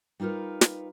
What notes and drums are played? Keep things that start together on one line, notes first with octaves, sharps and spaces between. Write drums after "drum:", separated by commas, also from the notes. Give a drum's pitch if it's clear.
G3 D#4 F4 A#4 B4
drum: snare